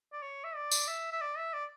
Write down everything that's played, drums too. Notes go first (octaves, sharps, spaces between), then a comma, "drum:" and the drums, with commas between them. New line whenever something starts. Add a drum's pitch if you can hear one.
D5
C#5
E5
D5
drum: tambourine
E5
E5
D5
E5
D5